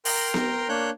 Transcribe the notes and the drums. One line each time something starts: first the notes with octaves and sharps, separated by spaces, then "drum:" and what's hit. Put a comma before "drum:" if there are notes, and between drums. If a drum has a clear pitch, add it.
A#4 G5 A#5 C6, drum: open hi-hat
drum: snare B3
A#3 D4 C#5 F#6 G6